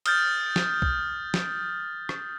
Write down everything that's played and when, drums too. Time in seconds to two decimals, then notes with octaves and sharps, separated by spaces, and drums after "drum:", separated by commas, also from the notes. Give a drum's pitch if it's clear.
0.06 D#6 F6 G6 A6, drum: cymbal
0.56 drum: snare
0.82 drum: kick
1.34 drum: snare
2.09 drum: rim click